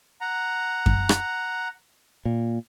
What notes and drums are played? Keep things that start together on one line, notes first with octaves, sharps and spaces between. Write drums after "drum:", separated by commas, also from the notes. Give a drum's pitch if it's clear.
F#5 A#5
drum: kick F#2
drum: rim click
A#2